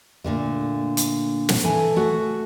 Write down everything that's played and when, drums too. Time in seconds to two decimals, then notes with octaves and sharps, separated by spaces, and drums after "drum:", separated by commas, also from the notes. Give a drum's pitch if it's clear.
0.24 A#2 D3 A3
0.97 drum: hi-hat
1.49 drum: snare
1.64 E3 A4 G#5
1.96 A3 F#4